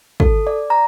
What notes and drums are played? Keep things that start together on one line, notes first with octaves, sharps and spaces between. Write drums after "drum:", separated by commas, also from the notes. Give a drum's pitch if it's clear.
A4, drum: kick
D5
A#5